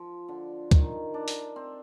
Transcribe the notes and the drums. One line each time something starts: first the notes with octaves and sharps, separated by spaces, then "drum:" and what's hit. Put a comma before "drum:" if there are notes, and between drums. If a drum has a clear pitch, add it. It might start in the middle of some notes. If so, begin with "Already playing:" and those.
Already playing: F3
D3
D#3, drum: kick, hi-hat
D4
drum: open hi-hat
C4